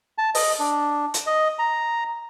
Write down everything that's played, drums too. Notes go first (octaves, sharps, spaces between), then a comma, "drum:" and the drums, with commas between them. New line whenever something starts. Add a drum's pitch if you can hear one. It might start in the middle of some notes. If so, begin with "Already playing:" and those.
A5
D#5, drum: open hi-hat
D4
drum: hi-hat
D#5
A#5